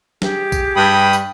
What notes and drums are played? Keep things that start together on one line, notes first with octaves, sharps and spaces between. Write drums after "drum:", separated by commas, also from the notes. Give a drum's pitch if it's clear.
G4 G#4, drum: snare
drum: kick A#1, tambourine
G2 G5 B5 D#6
drum: tambourine